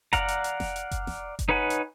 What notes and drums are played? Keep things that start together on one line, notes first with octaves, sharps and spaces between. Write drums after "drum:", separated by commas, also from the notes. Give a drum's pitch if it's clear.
D5 F5 F#5 A#5, drum: kick F#1, hi-hat
drum: hi-hat
drum: hi-hat
drum: snare F1
drum: hi-hat
drum: kick F#1, hi-hat
drum: snare F1
drum: kick F#1, hi-hat
D#4 B4 C#5 F#5 G#5
drum: hi-hat